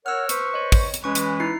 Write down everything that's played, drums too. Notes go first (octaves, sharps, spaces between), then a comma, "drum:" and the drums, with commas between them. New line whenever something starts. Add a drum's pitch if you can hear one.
A#4 C#5 F#5 E6 F6
B4 C5 C#6, drum: hi-hat
C#5 D#5
drum: kick, open hi-hat
drum: hi-hat
E3 G#3 C#4 B4 C#6
drum: hi-hat
D#4 E4 C7